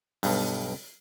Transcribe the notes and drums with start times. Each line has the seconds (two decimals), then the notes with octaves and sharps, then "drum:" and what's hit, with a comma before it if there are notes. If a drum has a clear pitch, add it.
0.23 B1 G2, drum: open hi-hat